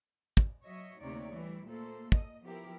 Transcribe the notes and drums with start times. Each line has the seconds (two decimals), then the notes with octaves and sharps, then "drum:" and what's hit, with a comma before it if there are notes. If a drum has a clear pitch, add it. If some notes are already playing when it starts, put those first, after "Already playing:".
0.37 drum: kick
0.64 F#3 C#5 D#5 E5
1.00 D2 C3 A#3 D#4 C#5 D5
1.33 E3 G3 A3 E4
1.65 A#2 A3 A#3 A4 C5
2.12 D#5, drum: kick
2.43 F3 B3 E4 G4 A#4